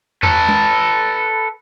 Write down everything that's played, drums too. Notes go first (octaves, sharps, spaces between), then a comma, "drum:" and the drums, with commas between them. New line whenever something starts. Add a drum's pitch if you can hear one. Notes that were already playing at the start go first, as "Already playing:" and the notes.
A4 B4, drum: tom E2
drum: tom G#3